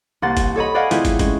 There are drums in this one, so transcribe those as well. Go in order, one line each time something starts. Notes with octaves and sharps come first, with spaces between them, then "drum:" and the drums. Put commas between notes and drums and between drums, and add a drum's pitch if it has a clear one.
C2 A#3 F#5 C6 A6
drum: kick, hi-hat
A4 C#5 D#5 B5
B4 D5 D#5 F5 F#5 G#5
A3 C4 E4 F4 G#4 B4, drum: hi-hat
drum: kick, hi-hat
G#3 C#4, drum: kick, hi-hat